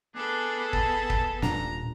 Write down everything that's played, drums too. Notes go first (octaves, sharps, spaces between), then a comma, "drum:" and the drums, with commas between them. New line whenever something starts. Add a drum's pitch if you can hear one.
B3 D4 G#4 A4
A5, drum: kick
drum: kick
D#1 A#2 D4 A#5, drum: snare